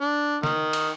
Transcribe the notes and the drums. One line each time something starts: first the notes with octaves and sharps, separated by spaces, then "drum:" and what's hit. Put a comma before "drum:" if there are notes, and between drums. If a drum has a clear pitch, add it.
D4
D#3, drum: snare
drum: cymbal